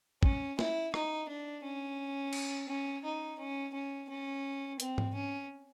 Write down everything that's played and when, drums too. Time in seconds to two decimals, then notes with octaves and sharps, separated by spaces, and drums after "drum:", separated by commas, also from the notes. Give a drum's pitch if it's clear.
0.23 C#4, drum: kick
0.59 E4, drum: snare
0.94 D#4, drum: rim click
1.29 D4
1.64 C#4
2.33 drum: cymbal
2.68 C#4
3.04 D#4
3.39 C#4
3.74 C#4
4.09 C#4
4.80 C4, drum: hi-hat
4.98 drum: tom G#2
5.14 C#4